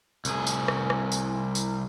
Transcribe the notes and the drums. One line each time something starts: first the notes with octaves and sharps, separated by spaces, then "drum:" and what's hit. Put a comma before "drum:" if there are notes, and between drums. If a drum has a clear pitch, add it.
C2 G#4, drum: tambourine
drum: tambourine
drum: rim click
drum: rim click
drum: tambourine
drum: tambourine